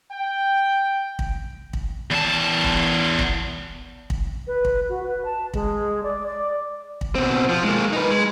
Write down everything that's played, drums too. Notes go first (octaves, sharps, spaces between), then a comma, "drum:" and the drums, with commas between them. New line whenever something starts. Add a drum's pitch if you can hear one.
G5
drum: kick
drum: kick
E2 A5
drum: kick
drum: kick
drum: kick
B4
drum: kick
F#4
B4
A5
G#3, drum: kick
D5
D5
drum: kick
B2 C4
F3
G#3 A#3
D#4 B4
G#3